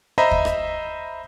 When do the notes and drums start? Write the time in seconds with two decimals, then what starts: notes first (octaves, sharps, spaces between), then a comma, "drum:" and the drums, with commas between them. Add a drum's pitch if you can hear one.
0.18 C5 D#5 E5 A#5 B5
0.31 drum: kick
0.45 drum: rim click